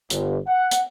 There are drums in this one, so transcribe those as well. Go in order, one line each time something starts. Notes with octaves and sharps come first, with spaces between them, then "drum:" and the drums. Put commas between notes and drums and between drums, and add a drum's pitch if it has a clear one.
G1, drum: hi-hat
F#5
drum: hi-hat